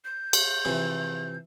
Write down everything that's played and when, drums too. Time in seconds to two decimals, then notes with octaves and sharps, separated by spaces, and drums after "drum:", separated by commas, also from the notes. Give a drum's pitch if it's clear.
0.04 G6
0.33 drum: cymbal
0.65 C3 E3 F3